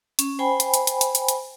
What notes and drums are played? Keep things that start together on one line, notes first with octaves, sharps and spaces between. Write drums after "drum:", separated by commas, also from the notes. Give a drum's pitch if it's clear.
C#4, drum: hi-hat
C5 G5 G#5 B5
drum: hi-hat
drum: hi-hat
drum: hi-hat
drum: hi-hat
drum: hi-hat
drum: hi-hat